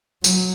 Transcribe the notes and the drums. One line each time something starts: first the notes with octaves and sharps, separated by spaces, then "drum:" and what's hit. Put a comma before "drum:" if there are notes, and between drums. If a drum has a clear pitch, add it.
F#3, drum: tambourine